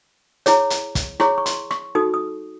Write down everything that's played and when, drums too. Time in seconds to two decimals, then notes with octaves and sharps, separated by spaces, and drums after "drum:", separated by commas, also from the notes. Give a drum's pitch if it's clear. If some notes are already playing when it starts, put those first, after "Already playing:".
0.46 E4 G#4 C#5, drum: hi-hat
0.70 drum: hi-hat
0.95 drum: kick, hi-hat
1.20 E4 G#4 C#5 C#6, drum: rim click
1.38 C#6
1.46 C6, drum: hi-hat
1.71 C#6, drum: rim click
1.95 D#4 F#4 A4 D#6
2.14 D#6